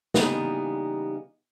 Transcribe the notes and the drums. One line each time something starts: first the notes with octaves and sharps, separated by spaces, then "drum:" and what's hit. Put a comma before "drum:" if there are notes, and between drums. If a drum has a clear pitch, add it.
C#3 E3 G3 A#3 B3 D#4, drum: snare